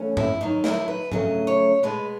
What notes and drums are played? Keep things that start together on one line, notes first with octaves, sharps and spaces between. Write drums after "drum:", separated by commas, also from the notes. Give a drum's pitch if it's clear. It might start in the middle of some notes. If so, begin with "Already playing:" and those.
Already playing: C#3 E3 A3 C#4
E4, drum: tom G#2
D#3 F#3 B3 D#4
E4, drum: snare
B4
C#3 F#3 A3 C#4 D#5, drum: tom G#2
C#5
B2 G#3 B3 B4